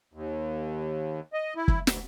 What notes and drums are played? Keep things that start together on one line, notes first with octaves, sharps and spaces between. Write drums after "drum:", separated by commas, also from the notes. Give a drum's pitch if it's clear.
D#2
D#5
E4
drum: kick
D2, drum: snare